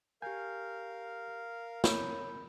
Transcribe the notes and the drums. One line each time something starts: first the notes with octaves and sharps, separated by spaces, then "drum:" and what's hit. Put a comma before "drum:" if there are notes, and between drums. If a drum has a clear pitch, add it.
G4 A#4 F5 G#5 G6
A#4 C#5 B5 G6, drum: snare